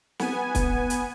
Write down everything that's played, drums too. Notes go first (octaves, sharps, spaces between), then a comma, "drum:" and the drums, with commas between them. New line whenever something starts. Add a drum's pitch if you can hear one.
B3 G#5, drum: snare
drum: kick, hi-hat
drum: hi-hat